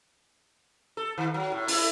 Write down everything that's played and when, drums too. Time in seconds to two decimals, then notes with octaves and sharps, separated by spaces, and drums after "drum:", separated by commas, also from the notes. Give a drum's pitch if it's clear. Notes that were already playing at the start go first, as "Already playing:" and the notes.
0.97 A4
1.18 D#3
1.34 F#3
1.52 A2
1.68 E4, drum: open hi-hat